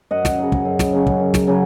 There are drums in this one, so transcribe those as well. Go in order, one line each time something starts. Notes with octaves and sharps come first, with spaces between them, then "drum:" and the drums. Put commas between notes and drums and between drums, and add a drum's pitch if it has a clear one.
F#2 D#5 F#5
drum: snare
C#3 F#3
drum: kick
F#2
drum: snare
C#3 F#3
drum: kick
F#2
drum: snare
C#3 F#3